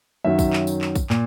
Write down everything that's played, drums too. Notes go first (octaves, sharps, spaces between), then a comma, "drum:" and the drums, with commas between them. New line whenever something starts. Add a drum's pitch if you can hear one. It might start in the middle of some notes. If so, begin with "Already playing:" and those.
F#2 D#3 F#3 E5
drum: kick, tambourine
drum: clap
drum: tambourine
drum: clap
drum: kick, tambourine
A#2, drum: clap